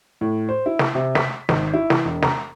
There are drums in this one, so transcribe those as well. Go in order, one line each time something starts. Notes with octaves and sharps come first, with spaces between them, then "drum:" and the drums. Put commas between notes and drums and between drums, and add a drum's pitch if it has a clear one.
A2
C5
E4
drum: snare
C3
B6, drum: snare
G#1, drum: snare
E4
E3, drum: snare
E1
A#5, drum: snare